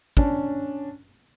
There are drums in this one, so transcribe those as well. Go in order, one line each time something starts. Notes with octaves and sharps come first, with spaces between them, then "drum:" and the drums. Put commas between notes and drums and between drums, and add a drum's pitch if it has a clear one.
C#4 D4, drum: kick